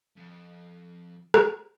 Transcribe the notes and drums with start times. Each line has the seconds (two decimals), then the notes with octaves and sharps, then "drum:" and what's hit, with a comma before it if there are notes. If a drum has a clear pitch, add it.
0.17 F2
1.34 drum: rim click